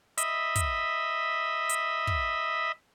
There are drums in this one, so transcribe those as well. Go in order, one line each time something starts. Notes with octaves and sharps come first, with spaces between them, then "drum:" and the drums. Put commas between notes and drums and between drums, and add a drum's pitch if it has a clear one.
D#5 E5 B5, drum: hi-hat
drum: kick, hi-hat
drum: hi-hat
drum: kick